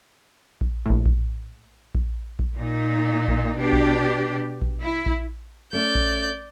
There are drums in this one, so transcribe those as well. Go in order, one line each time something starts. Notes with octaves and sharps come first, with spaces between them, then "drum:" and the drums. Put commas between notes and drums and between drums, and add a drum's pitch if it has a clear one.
drum: kick A#1
A#1 A2
drum: kick A#1
drum: kick A#1
drum: kick A#1
A#2 D#4
drum: kick A#1
B2 D4 G4
drum: kick A#1
drum: kick A#1
E4
drum: kick A#1
A3 C#4 D5 G6
drum: kick A#1